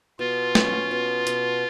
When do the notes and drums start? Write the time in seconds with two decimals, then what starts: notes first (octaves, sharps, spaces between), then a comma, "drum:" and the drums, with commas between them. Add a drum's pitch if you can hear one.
0.19 B2 F4
0.55 C#4, drum: snare
0.91 B2
1.27 B2, drum: hi-hat